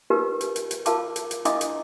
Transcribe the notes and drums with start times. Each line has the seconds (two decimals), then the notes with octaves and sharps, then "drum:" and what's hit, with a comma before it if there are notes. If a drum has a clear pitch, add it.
0.10 D#4 F4 G4 A#4 B4
0.41 drum: hi-hat
0.56 drum: hi-hat
0.71 drum: hi-hat
0.86 F4 A#4 F5 A5 D6, drum: hi-hat
1.16 drum: hi-hat
1.31 drum: hi-hat
1.45 D4 E4 D#5 F5 D6 D#6, drum: hi-hat
1.61 drum: hi-hat